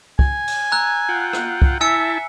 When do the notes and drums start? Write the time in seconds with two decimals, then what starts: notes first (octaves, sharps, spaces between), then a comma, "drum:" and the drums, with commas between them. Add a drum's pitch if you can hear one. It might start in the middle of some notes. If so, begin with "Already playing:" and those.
0.19 G#5, drum: kick
0.47 drum: cymbal
0.72 A#5 E6 F#6
1.09 F4 F#5 G5
1.33 drum: rim click
1.62 drum: kick
1.81 E4 E5 G#5 A5 E6 C#7